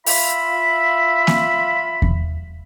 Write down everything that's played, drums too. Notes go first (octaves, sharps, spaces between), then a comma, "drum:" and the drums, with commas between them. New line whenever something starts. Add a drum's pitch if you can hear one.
F4 E5 B5, drum: open hi-hat
drum: snare A#3
drum: kick E2